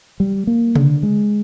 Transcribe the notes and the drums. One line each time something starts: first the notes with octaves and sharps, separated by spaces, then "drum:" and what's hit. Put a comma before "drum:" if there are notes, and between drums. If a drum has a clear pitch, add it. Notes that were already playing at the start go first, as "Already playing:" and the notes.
G3
A#3
D3, drum: tom C3
G#3